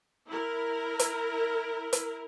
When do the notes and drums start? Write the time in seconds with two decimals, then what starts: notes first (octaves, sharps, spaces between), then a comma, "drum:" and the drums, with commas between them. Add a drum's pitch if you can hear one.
0.28 E4 A#4
0.99 drum: hi-hat
1.93 drum: hi-hat